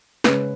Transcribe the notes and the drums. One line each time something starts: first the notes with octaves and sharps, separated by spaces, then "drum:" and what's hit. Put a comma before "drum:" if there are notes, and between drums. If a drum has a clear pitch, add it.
C#3 G#3 C#4 B4, drum: snare